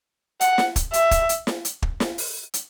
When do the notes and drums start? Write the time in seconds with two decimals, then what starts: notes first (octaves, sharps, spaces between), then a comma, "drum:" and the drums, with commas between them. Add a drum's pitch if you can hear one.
0.41 F#5, drum: hi-hat
0.58 drum: snare
0.76 drum: kick, hi-hat
0.93 E5, drum: hi-hat
1.11 drum: kick, hi-hat
1.29 drum: hi-hat
1.47 drum: snare
1.65 drum: hi-hat
1.82 drum: kick
2.00 drum: snare
2.18 drum: open hi-hat
2.54 drum: hi-hat